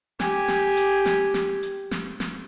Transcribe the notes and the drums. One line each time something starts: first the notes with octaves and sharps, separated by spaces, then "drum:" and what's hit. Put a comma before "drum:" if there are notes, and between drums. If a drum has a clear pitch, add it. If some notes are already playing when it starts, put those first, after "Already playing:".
G4 G#5, drum: snare
drum: snare
drum: hi-hat
drum: snare
drum: snare
drum: hi-hat
drum: snare
drum: snare